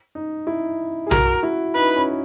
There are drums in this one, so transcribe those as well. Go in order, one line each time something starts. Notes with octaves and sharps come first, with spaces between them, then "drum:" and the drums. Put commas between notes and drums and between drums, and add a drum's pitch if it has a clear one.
D#4
E4
G#4
F#4 A#4, drum: tom B1
E4
D#4 B4
C#4